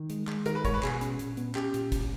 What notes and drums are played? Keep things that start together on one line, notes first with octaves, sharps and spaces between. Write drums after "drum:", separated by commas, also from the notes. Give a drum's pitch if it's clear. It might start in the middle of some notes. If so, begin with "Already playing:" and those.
Already playing: D#3
G#3, drum: hi-hat
G#3, drum: clap
D#3 A#4, drum: hi-hat
B4
G#2 C#5, drum: kick, hi-hat
B4
B2 G#4, drum: clap
C#4, drum: hi-hat
A#2, drum: hi-hat
B3, drum: hi-hat
C#4 G4, drum: clap
A#2, drum: hi-hat
C#2, drum: kick, hi-hat